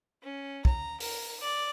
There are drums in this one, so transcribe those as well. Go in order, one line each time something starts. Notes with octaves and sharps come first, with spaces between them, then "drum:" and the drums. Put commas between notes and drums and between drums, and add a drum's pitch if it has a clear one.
C#4
A#5, drum: kick
A#4, drum: open hi-hat
D5